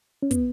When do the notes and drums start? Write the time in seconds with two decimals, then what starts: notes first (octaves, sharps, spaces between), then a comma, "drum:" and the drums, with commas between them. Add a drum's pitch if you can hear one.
0.23 C#4
0.31 B3, drum: kick, hi-hat